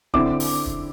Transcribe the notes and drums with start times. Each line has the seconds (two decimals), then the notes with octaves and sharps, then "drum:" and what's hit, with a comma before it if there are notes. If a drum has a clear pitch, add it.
0.14 D3 C4 E4 D6, drum: kick
0.40 drum: open hi-hat
0.66 drum: kick